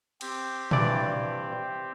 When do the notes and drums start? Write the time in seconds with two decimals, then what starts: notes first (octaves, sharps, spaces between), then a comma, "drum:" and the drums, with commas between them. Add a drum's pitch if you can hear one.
0.21 C4 G4, drum: cymbal
0.71 G2 E3 D5, drum: tom A#2